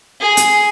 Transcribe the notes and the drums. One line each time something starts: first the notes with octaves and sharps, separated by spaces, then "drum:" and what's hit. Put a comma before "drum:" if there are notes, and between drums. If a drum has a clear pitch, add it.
G#4
drum: hi-hat